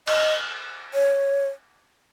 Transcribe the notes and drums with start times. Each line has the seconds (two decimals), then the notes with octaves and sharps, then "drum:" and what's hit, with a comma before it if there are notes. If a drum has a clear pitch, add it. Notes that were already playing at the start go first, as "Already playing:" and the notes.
0.07 D#5, drum: cymbal
0.94 C#5